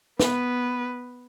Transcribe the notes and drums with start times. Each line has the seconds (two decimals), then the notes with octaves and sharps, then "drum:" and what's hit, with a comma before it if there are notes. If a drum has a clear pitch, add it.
0.20 B3 B4, drum: snare